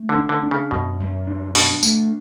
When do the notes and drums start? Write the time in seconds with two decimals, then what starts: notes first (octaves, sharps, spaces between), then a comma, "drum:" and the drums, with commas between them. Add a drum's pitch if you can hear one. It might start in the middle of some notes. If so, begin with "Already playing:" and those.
Already playing: A3
0.09 D3
0.15 D4
0.29 D3
0.43 D4
0.51 C#3
0.71 F#2 B2
1.00 F#2
1.27 D4
1.55 B2 D4, drum: open hi-hat
1.83 A3, drum: tambourine